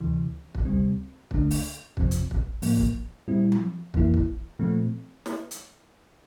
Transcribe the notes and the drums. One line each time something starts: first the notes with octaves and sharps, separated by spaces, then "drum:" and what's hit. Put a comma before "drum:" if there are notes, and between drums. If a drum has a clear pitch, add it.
D2 C3 E3
drum: kick
D2 C3 G3 C4
D2 D3 A3 D4, drum: kick
drum: open hi-hat
F2 C3 F3 C4, drum: kick
drum: hi-hat
drum: kick
A2 F3 A#3, drum: open hi-hat
drum: kick
A#2 G3 C4 E4
drum: tom F3
F2 E3 A#3 E4, drum: kick
drum: kick
A#2 F3 A3 C4
drum: snare
drum: hi-hat